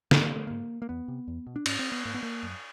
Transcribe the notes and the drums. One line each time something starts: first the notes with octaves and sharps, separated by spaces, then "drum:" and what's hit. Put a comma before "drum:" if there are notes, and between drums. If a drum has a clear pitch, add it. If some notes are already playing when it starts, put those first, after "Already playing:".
G#2 B3, drum: snare
A#3
A3
G#2 A#3
A#3
E2 B3
C3
E2
B2
D4
G#2 C#4, drum: cymbal
C4
B3
G#2 A#3
B3
A#3
F#2